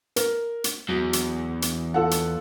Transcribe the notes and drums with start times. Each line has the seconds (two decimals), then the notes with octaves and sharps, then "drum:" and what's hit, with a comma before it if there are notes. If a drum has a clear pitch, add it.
0.16 A#4, drum: hi-hat
0.64 drum: hi-hat
0.89 E2 F#3
1.13 drum: hi-hat
1.62 drum: hi-hat
1.94 F4 A4 F#5
2.11 drum: hi-hat